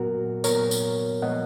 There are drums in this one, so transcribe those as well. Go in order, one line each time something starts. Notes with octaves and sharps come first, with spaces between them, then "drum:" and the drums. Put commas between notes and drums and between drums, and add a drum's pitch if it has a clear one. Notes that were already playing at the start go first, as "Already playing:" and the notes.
Already playing: A#2 F#3 B3 F#4 A#4
A#2 F#3 B3 A#4 C#5, drum: tambourine
drum: tambourine
A#2 F3 G#3 B3 D#5 F#5